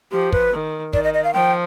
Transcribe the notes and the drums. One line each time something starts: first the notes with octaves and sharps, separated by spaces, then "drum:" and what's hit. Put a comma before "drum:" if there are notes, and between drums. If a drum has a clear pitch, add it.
F3 G4
B4, drum: kick
D#3
D#3 D5, drum: kick
D#5
D#5
F5
F3 G5